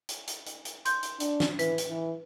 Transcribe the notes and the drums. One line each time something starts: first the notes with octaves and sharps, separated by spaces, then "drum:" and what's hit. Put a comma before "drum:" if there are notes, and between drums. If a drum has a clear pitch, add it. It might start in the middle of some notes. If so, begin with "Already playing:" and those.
drum: hi-hat
drum: hi-hat
drum: hi-hat
drum: hi-hat
C6 G6, drum: hi-hat
drum: hi-hat
D4, drum: hi-hat
drum: snare
E3 B4, drum: hi-hat
drum: hi-hat
E3